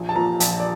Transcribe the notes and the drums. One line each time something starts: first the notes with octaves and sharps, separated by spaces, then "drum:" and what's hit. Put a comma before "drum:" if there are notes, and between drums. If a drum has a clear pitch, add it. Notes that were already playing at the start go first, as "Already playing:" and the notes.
Already playing: A#1
A5
A#2 F3 A#5
A#1 A5, drum: hi-hat
D5